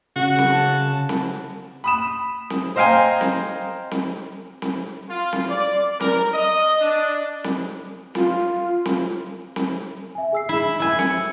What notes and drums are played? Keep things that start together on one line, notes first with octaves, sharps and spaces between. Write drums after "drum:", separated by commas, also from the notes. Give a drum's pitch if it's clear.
C#3 F#4
drum: snare C4
A5
drum: snare C4
B5 D#6 E7
drum: snare C4
C5 D#5 F5 G5 G#5 A#5
drum: snare C4
drum: snare C4
drum: snare C4
F4
drum: snare C4
D5
A#4, drum: snare C4
D#5
D4
drum: snare C4
F4, drum: snare C4
drum: snare C4
drum: snare C4
E5 G#5
G#4 E6 C7
E4 B6 E7
E4 G#5 E6
C#7, drum: snare C4